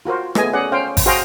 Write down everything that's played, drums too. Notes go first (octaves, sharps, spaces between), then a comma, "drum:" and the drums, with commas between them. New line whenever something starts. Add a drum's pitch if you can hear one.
F4 F#4 A#4 C5
G#3 A3 B3 G#4 D#5 G#5, drum: rim click
C#4 G#4 D5 F#5
C#4 C5 F5 G5
drum: kick G#1, open hi-hat
F#4 G#4 C5 F5 G5 A#5